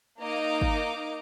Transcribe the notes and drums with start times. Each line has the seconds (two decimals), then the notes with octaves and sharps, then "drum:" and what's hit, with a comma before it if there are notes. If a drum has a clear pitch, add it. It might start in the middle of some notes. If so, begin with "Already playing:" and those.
0.20 A#3 D#4 D#5 A#5 D6
0.62 drum: kick